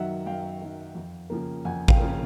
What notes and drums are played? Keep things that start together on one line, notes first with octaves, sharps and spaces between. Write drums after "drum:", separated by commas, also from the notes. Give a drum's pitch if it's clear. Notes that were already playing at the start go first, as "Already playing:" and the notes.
Already playing: F#2 D#3 F#3 E5 F#5
F#2 F5 G5
D#3 F#3
F2
C#3 F3 A#3
F2 F#5 G#5
F5 G5, drum: kick A1
C#3 F3 A#3